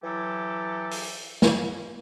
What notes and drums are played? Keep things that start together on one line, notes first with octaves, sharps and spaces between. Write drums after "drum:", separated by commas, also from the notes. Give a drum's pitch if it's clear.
E3 F#3 G4 A4
drum: open hi-hat
drum: snare